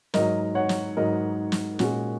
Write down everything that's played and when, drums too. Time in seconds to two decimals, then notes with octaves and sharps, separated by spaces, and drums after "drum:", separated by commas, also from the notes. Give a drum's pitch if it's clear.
0.14 G#2 F#3 A#4 D#5, drum: snare
0.55 C#5 F#5
0.69 drum: snare
0.97 G#2 F#3 A#4 D#5
1.52 drum: snare
1.79 A#2 G#3 C#4 F#4, drum: snare